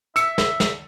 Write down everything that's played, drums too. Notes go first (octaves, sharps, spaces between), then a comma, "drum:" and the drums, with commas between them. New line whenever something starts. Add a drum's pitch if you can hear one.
E5 E6 C#7, drum: hi-hat
drum: snare
drum: snare